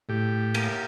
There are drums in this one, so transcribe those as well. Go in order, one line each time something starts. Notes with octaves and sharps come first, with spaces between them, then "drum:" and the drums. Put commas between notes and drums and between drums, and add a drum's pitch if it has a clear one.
A2 G4
A#3, drum: cymbal